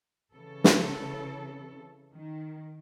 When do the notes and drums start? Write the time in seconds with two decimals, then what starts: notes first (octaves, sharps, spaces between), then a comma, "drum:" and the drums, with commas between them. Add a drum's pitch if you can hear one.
0.34 C#3 E3 A4
0.64 drum: snare
2.14 D#3